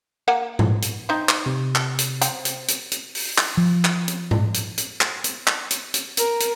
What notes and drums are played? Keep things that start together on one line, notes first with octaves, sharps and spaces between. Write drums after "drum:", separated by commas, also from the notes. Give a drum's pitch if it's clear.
A#3 F#5 G#5
drum: tom G#2
drum: hi-hat
C4 D#4
drum: clap
C3
drum: clap
drum: hi-hat
C4 G5, drum: hi-hat
drum: hi-hat
drum: hi-hat
drum: hi-hat
drum: open hi-hat
drum: clap
F3
drum: clap
drum: hi-hat
drum: tom G#2
drum: hi-hat
drum: hi-hat
drum: clap
drum: hi-hat
drum: clap
drum: hi-hat
drum: hi-hat
A#4, drum: hi-hat
drum: hi-hat